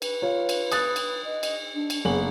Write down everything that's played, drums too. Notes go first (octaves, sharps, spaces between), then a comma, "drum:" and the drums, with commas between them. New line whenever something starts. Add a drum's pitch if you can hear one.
B4, drum: cymbal
F4 C#5
drum: cymbal
D#6 F#6 A6, drum: cymbal
drum: cymbal
D#5
drum: cymbal
D4
drum: cymbal
F#1 B3 G#4 F#7